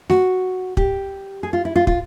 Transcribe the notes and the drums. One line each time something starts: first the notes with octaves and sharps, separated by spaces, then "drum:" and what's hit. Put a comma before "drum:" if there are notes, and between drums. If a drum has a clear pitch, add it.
F#4, drum: snare A3
G4, drum: kick
G#4
F4
E4
F4
F4, drum: kick